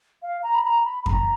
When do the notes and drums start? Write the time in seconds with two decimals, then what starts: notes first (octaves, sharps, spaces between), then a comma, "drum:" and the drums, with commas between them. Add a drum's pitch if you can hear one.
0.22 F5
0.43 A#5
0.55 B5
0.64 A#5
0.85 B5
1.06 A#5, drum: kick F2